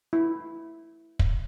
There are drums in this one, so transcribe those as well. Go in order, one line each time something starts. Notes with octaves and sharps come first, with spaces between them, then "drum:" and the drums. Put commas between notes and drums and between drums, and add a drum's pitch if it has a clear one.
E4
drum: kick